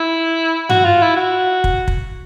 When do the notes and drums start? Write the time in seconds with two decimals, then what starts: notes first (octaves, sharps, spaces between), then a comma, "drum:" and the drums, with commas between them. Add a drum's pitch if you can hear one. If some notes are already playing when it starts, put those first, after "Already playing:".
Already playing: E4
0.69 F#4, drum: tom G2
0.85 F4
1.02 E4
1.16 F#4
1.64 drum: kick
1.88 drum: kick